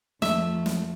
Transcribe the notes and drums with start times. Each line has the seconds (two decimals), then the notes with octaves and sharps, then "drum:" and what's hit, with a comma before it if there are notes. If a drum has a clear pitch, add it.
0.22 F2 A3 E5, drum: snare
0.66 drum: snare